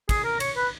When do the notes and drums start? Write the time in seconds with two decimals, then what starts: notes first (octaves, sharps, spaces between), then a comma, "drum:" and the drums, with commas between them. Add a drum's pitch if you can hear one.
0.09 G#4, drum: kick, cymbal
0.24 A#4
0.40 C#5, drum: cymbal
0.56 B4